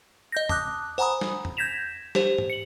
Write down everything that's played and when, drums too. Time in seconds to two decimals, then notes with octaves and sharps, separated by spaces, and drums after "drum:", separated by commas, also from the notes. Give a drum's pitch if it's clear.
0.32 D#5 G6 A#6
0.49 A5 D6 D#6 F#6, drum: tom E2
0.98 C5 F#5 G#5 A#5 B5 D#6
1.21 drum: snare
1.45 drum: tom E2
1.57 G6 G#6 A#6 B6 E7 F7
2.15 G4 C5, drum: snare
2.38 drum: tom G#2
2.50 C#7 F#7